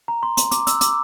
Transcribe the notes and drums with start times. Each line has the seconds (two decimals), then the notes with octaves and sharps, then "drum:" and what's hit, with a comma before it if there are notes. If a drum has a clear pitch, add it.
0.08 A#5
0.23 C6
0.37 C6, drum: hi-hat
0.51 D6, drum: hi-hat
0.67 E6, drum: hi-hat
0.81 D6, drum: hi-hat